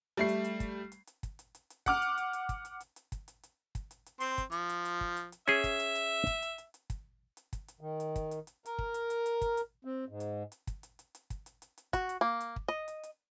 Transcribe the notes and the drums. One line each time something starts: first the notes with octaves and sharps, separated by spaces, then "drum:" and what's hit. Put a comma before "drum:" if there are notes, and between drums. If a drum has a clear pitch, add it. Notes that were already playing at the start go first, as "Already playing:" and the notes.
G3 A3 C7
drum: hi-hat
drum: hi-hat
drum: kick, hi-hat
drum: hi-hat
drum: hi-hat
drum: kick, hi-hat
drum: hi-hat
drum: hi-hat
drum: hi-hat
F#5 D6 F6, drum: kick, hi-hat
drum: hi-hat
drum: hi-hat
drum: hi-hat
drum: kick, hi-hat
drum: hi-hat
drum: hi-hat
drum: hi-hat
drum: kick, hi-hat
drum: hi-hat
drum: hi-hat
drum: kick, hi-hat
drum: hi-hat
drum: hi-hat
C4 C6, drum: hi-hat
drum: kick, hi-hat
F3, drum: hi-hat
drum: hi-hat
drum: hi-hat
drum: kick
drum: hi-hat
drum: hi-hat
C#4 G#4 E5, drum: hi-hat
drum: kick, hi-hat
drum: hi-hat
drum: hi-hat
drum: kick, hi-hat
drum: hi-hat
drum: hi-hat
drum: hi-hat
drum: kick, hi-hat
drum: hi-hat
drum: kick, hi-hat
drum: hi-hat
D#3
drum: hi-hat
drum: kick, hi-hat
drum: hi-hat
drum: hi-hat
A#4, drum: hi-hat
drum: kick
drum: hi-hat
drum: hi-hat
drum: hi-hat
drum: kick, hi-hat
drum: hi-hat
C4
G#2
drum: hi-hat
drum: hi-hat
drum: kick, hi-hat
drum: hi-hat
drum: hi-hat
drum: hi-hat
drum: kick, hi-hat
drum: hi-hat
drum: hi-hat
drum: hi-hat
F#4, drum: kick, hi-hat
drum: hi-hat
A#3
drum: hi-hat
drum: kick
D#5
drum: hi-hat
drum: hi-hat